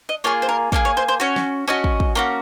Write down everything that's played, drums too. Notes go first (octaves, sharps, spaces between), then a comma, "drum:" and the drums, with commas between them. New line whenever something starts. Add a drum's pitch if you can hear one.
D#5
A#3 F4 G#4 C#5
C5
A#4
A#3 F4 G#4 F5, drum: kick
C#5
C5
C5
C#4 F#4 C#5
drum: snare
C#4 F#4 D#5
drum: kick
drum: kick
A#3 C#4 F#4